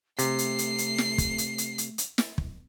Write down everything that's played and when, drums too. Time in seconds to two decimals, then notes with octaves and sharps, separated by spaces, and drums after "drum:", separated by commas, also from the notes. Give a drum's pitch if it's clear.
0.19 C3 A3 C7, drum: hi-hat
0.39 drum: hi-hat
0.58 drum: hi-hat
0.78 drum: hi-hat
0.98 drum: snare
1.18 drum: kick, hi-hat
1.38 drum: hi-hat
1.58 drum: hi-hat
1.78 drum: hi-hat
1.98 drum: hi-hat
2.18 drum: snare
2.38 drum: kick